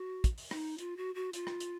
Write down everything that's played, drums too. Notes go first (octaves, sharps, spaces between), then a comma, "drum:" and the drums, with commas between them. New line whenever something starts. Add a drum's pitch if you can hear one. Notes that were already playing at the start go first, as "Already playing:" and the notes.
Already playing: F#4
drum: kick, hi-hat
drum: open hi-hat
D#4, drum: rim click
F4, drum: hi-hat
F#4
F#4
F4, drum: hi-hat
drum: rim click
drum: hi-hat